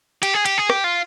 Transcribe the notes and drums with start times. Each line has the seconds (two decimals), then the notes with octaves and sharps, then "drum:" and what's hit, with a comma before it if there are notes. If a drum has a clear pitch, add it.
0.23 G4, drum: cymbal
0.34 G#4
0.46 G4, drum: cymbal
0.58 G#4
0.70 G4, drum: rim click
0.84 F4